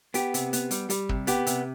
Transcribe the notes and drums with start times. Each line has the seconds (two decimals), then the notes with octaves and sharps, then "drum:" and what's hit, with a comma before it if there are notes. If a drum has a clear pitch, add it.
0.14 B3 G4, drum: hi-hat
0.34 C3, drum: hi-hat
0.53 B3, drum: hi-hat
0.71 G3, drum: hi-hat
0.90 G3, drum: hi-hat
1.09 C3, drum: kick
1.27 B3 G4, drum: hi-hat
1.47 C3, drum: hi-hat